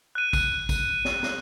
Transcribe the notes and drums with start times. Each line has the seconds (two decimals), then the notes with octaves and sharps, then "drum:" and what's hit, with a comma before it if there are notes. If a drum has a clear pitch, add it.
0.15 F#6 D#7
0.33 drum: kick A1, tambourine
0.69 drum: kick A1, tambourine
1.05 drum: snare
1.23 drum: snare